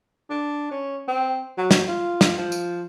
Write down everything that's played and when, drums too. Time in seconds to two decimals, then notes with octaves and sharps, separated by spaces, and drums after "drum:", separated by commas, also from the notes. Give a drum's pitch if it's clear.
0.30 D4
0.71 C#4
1.08 C4
1.57 F#3
1.71 drum: snare
1.88 F4
2.21 drum: snare
2.38 F3
2.52 drum: tambourine